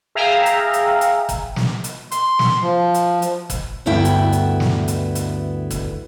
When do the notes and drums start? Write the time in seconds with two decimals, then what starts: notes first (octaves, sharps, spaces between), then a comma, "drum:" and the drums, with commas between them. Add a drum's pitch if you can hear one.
0.15 G#4 E5 F5 G5 A#5
0.46 drum: hi-hat
0.73 drum: hi-hat
1.01 drum: hi-hat
1.29 drum: kick, hi-hat
1.56 drum: snare
1.84 drum: hi-hat
2.12 C6, drum: hi-hat
2.39 drum: snare
2.62 F3
2.94 drum: hi-hat
3.22 drum: hi-hat
3.50 drum: kick, hi-hat
3.86 D2 G2 B3 E4 G5
4.05 drum: hi-hat
4.32 drum: hi-hat
4.60 drum: snare
4.88 drum: hi-hat
5.15 drum: hi-hat
5.71 drum: kick, hi-hat